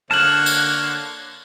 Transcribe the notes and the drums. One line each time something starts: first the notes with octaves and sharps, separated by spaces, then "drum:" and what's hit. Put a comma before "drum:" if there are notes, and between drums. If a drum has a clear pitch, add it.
D3 A#3 C#5 A5 F6 F#6 E7 F#7
drum: tambourine